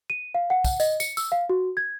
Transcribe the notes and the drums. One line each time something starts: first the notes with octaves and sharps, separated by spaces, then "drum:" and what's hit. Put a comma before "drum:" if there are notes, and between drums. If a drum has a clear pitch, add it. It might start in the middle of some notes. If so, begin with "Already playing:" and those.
D#7
F5
F#5
drum: kick, tambourine
D#5, drum: tambourine
C#7, drum: tambourine
E6, drum: tambourine
F5
F#4
G#6